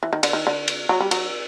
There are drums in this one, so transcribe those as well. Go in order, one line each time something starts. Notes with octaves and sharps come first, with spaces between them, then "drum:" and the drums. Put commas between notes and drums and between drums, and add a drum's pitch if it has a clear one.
E3
D#3
D3, drum: cymbal
D#3
D3
drum: cymbal
F#3
G3
F#3, drum: cymbal